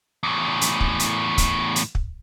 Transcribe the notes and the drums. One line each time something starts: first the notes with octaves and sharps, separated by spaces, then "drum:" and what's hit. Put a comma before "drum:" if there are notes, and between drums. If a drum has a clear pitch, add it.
E2 A2
drum: hi-hat
drum: kick
drum: hi-hat
drum: kick, hi-hat
drum: hi-hat
drum: kick